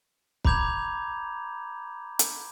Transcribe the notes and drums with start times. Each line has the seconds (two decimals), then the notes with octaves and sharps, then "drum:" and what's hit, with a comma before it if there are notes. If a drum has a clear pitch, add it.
0.45 A#5 B5 D6 G6 G#6 F7, drum: kick
2.19 drum: hi-hat